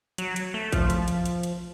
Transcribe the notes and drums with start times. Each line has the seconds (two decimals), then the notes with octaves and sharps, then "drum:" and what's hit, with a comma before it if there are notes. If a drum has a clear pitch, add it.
0.18 F#3, drum: hi-hat
0.36 drum: hi-hat
0.54 A3
0.73 F3, drum: kick A1, hi-hat
0.90 drum: hi-hat
1.08 drum: hi-hat
1.26 drum: hi-hat
1.43 drum: hi-hat